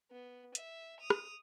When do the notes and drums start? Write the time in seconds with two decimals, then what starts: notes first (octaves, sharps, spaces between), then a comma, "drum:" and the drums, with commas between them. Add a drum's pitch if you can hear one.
0.11 B3
0.55 E5, drum: hi-hat
1.00 D#6 F7
1.10 drum: rim click